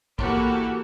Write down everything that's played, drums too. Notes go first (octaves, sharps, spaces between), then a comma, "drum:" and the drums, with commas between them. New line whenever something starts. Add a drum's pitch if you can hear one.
E3 A#3 F#4 G4 A4, drum: kick